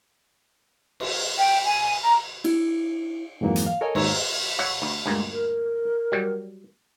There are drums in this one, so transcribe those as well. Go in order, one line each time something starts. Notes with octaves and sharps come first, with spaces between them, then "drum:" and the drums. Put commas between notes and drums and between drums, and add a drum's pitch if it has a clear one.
drum: cymbal
G5
G#5
A#5
E4, drum: cymbal
F2 G#2 E3 F#3 A#3
drum: hi-hat
F5
A4 A#4 C#5 D#5 G#5
D#2 G#2 C#5 A#5 E6, drum: cymbal
C#5 E5 F#5
D2
D2 G2 A#2 G#3
A#4
F#3 G3